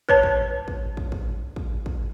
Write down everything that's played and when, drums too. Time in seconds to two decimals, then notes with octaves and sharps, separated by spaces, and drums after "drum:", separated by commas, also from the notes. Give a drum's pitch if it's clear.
0.09 B4 C#5 A5, drum: kick
0.23 drum: kick
0.68 drum: kick
0.97 drum: kick
1.12 drum: kick
1.56 drum: kick
1.86 drum: kick